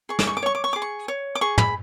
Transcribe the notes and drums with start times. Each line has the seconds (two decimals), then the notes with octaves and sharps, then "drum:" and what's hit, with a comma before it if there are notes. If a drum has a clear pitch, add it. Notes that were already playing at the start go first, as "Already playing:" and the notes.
0.09 G#4 C#6
0.19 D6, drum: snare
0.27 C#6
0.37 D6
0.43 C#5 C#6
0.55 D6
0.64 C#6
0.73 G#4 D6
0.82 C#6
1.08 C#5
1.35 D6
1.41 G#4 C#6
1.58 B5, drum: tom